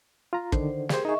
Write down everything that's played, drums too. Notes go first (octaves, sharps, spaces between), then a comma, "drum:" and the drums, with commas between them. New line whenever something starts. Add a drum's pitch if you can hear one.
F4 A#5
D3 D#3 C5, drum: kick
G4 G#4 A#4 C5, drum: snare
D#4 G#4 D#5 E5 C#6